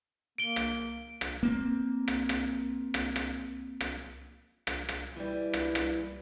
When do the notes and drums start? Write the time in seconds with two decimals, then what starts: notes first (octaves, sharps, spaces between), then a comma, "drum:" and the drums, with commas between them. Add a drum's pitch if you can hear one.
0.38 A#3 D7 G7
0.56 drum: rim click
1.21 drum: rim click
1.43 A#3 C4
2.08 drum: rim click
2.29 drum: rim click
2.94 drum: rim click
3.16 drum: rim click
3.81 drum: rim click
4.67 drum: rim click
4.89 drum: rim click
5.16 E3 G3
5.53 drum: rim click
5.75 drum: rim click